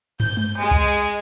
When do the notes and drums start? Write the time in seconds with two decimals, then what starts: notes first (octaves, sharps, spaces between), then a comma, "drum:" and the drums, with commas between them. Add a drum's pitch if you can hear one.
0.20 G6, drum: tom
0.37 drum: tom G#3
0.58 G#3
0.71 drum: kick
0.88 drum: tambourine